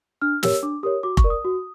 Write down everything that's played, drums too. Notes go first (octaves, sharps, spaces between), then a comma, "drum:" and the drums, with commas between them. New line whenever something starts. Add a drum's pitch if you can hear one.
D4 F6
G4 A#4 C#5 E6, drum: snare
D4 D6
G4 A#4 C#5 D#6
F#4 D6
C#6, drum: kick F1
A#4 D5
D#6
F#4